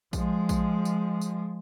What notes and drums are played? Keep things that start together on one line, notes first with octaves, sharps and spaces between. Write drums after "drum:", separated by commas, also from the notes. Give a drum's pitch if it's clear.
F3 G#3, drum: kick A#1, tambourine
drum: kick A#1, tambourine
drum: tambourine
drum: tambourine